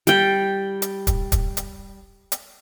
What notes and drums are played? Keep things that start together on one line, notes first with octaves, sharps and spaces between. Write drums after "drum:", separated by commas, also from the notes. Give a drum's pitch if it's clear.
G3 G5, drum: hi-hat
drum: hi-hat
drum: kick, hi-hat
drum: kick, hi-hat
drum: hi-hat
drum: hi-hat